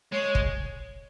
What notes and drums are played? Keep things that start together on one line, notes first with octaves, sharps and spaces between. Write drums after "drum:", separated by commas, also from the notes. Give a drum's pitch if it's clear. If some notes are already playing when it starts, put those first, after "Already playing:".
G#3 C#5
drum: kick